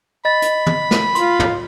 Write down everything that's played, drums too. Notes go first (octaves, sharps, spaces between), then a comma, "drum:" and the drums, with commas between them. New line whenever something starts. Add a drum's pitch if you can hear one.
D#5 B5 A6
drum: hi-hat
drum: tom
drum: snare
F4 C6, drum: hi-hat
drum: tom